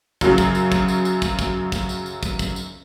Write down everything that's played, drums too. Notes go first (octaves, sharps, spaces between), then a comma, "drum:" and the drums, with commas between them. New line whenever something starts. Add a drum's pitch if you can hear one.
F#2 C#3 F#3, drum: kick, tambourine
drum: kick, tambourine
drum: tambourine
drum: kick, tambourine
drum: tambourine
drum: tambourine
drum: kick, tambourine
drum: kick, tambourine
drum: kick, tambourine
drum: tambourine
drum: tambourine
drum: kick, tambourine
drum: kick, tambourine
drum: tambourine